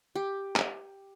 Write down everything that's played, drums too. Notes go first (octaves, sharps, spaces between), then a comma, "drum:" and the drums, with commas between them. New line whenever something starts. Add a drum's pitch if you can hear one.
G4
drum: clap